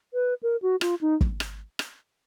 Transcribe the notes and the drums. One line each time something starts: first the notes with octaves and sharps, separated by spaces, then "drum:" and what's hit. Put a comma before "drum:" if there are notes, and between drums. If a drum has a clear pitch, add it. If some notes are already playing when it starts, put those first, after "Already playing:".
B4
A#4
F#4
F4, drum: rim click
D#4
drum: kick
drum: rim click
drum: rim click